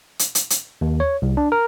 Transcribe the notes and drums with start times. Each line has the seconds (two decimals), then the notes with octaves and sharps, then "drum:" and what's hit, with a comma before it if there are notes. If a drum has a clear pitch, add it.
0.19 drum: hi-hat
0.35 drum: hi-hat
0.50 drum: hi-hat
0.81 D#2
1.00 C#5
1.22 C2
1.37 D4
1.52 A#4